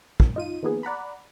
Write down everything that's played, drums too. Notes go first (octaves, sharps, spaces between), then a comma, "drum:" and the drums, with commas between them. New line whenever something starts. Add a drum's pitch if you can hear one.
A#2, drum: kick
D#4 F4 D#7
D#3 F3 A#3 B3 G#4
D5 F#5 A#5 B5